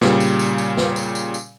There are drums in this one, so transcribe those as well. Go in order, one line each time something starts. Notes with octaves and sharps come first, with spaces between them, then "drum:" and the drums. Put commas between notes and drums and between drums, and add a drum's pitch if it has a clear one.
A#2 C#3 G3, drum: snare
drum: tambourine
drum: tambourine
drum: tambourine
drum: snare
drum: tambourine
drum: tambourine
drum: tambourine